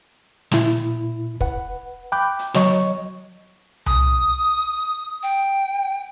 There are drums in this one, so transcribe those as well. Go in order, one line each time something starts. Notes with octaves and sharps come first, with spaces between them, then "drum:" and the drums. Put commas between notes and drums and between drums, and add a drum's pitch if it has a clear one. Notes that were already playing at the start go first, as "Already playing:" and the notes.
A#2 E4, drum: snare
B4 F#5, drum: kick
G5 B5 D6 F#6 G6
drum: hi-hat
F#3 C#5 D#5 C#6, drum: snare
D#6, drum: tom C2
G5